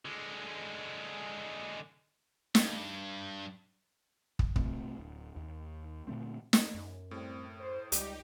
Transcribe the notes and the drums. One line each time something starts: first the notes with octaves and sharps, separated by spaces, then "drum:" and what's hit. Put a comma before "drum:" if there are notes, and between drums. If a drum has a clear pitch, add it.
D3 G#3
G2, drum: snare
drum: kick
B2 A3 C4, drum: kick
D1
D#2
A#2 D3 A3 C4
drum: snare
F#2
A2 G3 C4
C5
C#2 G3 D#4 G4, drum: hi-hat